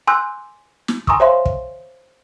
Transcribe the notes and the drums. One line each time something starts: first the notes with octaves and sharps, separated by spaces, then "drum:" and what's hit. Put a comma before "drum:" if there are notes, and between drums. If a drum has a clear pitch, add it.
G#5 C6 D6 E6 F#6 G6
drum: snare
G#5 A#5 C6 C#6 D#6 E6, drum: kick
C5 C#5 E5 F5 C6
drum: kick